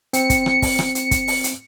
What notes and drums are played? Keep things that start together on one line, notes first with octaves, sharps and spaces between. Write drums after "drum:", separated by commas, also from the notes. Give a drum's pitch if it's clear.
C4 C#7, drum: hi-hat
drum: kick, hi-hat
drum: rim click
drum: kick, open hi-hat
drum: rim click
drum: hi-hat
drum: kick, hi-hat
drum: open hi-hat
drum: hi-hat